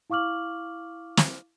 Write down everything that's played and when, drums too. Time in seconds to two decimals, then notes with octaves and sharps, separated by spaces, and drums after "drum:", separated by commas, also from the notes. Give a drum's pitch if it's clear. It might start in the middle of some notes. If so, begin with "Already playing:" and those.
0.10 E4 F5 C#6 D6 F6 F#7
1.17 drum: snare